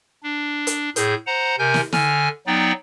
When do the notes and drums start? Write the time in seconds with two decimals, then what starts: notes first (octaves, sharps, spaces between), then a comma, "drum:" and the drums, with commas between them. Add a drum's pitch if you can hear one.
0.23 D4
0.67 drum: hi-hat
0.96 A2 G#4 G6, drum: hi-hat
1.27 C5 F#5 A#5
1.59 C3 A#4 G#5 G6
1.74 drum: snare
1.92 D3 G#5 F6, drum: snare
2.47 F#3 B3 D#4 D5 G5